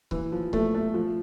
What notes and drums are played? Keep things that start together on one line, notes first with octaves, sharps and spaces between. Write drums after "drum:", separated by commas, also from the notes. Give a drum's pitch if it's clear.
E3, drum: kick C#1
F3
A3, drum: kick C#1
A3
F3